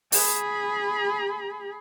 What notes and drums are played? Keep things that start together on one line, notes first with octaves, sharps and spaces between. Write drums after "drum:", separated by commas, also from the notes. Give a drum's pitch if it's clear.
G#4 B5, drum: open hi-hat